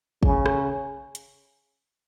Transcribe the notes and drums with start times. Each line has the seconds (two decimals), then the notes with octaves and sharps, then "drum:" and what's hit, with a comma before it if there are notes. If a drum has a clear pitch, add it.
0.23 C#3, drum: kick
0.46 drum: rim click
1.15 drum: hi-hat